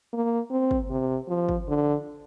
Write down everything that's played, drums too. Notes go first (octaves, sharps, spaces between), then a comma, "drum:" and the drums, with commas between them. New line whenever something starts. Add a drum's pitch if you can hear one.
A#3
C4
drum: kick
C3
F3
drum: kick
D3